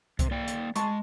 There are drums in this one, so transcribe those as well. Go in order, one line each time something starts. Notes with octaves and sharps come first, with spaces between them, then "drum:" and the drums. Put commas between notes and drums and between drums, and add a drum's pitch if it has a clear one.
C3, drum: kick C2, hi-hat
A#3 D5 G5
drum: hi-hat
G#3 A5 C#6, drum: hi-hat